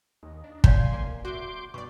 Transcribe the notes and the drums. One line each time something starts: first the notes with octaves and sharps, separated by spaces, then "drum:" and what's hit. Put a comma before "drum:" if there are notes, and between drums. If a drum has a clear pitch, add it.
D#2 D#4
D4
B1 C#5 D5 F5 G#5 C6, drum: kick
D1 A#3
F#4 E5 C6 D6 G6
G2 B2 D5 C#6